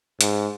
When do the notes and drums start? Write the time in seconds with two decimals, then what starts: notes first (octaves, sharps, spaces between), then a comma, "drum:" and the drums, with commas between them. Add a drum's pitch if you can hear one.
0.21 G#2, drum: hi-hat